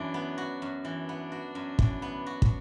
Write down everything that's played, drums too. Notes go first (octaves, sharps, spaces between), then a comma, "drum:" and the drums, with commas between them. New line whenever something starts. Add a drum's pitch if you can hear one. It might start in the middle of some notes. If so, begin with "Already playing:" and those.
Already playing: F#2 E3 D4
B3
F#4
F#2
E3 D4
B3
F#4
F#2
E3, drum: kick
B3
F#4
drum: kick